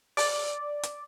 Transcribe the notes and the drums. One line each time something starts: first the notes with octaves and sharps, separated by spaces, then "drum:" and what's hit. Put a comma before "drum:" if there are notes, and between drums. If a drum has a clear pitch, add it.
D5, drum: open hi-hat
drum: hi-hat